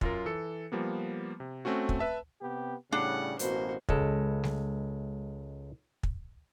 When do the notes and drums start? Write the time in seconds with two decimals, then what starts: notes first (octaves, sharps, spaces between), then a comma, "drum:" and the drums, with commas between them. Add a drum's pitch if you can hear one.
0.01 F#2 F4 A#4, drum: kick
0.25 E3 A4 C#7
0.72 F3 G3 A#3 B3
1.40 C3
1.65 A3 C4 C#4 F#4
1.89 drum: kick
1.99 B4 E5 A5
2.41 C3 B3 G4
2.92 A2 C#3 G3 D4 F#5
3.39 A1 B2 A#3 F#4 C5, drum: hi-hat
3.89 C#2 G#3 A4, drum: kick
4.44 drum: snare G3
6.03 drum: kick